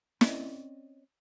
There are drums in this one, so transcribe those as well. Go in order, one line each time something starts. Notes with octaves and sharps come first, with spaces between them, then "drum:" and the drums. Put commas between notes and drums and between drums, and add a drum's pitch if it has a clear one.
C4 C#4 D5 D#5, drum: snare